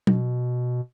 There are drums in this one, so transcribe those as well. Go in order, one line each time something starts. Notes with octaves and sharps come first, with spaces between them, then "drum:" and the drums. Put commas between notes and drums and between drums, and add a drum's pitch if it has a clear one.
B2, drum: tom F#3